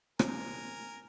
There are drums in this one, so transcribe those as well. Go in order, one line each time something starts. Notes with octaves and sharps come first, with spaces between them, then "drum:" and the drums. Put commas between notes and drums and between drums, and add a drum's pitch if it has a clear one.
A#4 G#5, drum: rim click